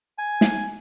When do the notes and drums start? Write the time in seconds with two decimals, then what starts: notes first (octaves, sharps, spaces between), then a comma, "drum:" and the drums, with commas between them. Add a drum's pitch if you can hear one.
0.18 G#5
0.41 drum: snare